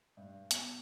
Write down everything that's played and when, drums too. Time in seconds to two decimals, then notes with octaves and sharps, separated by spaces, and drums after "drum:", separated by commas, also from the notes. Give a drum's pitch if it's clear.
0.17 G2
0.51 B2, drum: hi-hat